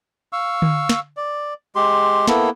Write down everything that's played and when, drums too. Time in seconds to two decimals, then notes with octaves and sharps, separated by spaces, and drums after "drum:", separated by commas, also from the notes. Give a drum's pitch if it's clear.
0.33 F5 C#6 E6
0.62 drum: tom D3
0.89 drum: snare
1.17 D5
1.75 G#3 G4 C6
2.27 A#3 B3 E4 A4, drum: snare